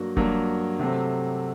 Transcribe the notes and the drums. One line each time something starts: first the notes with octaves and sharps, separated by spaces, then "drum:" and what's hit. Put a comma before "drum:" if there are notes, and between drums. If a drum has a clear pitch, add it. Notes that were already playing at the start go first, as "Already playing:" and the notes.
Already playing: G2 F#3 A#3 F#4
G2 F#3 A#3 F#4, drum: kick
C3 F#3 A3 C4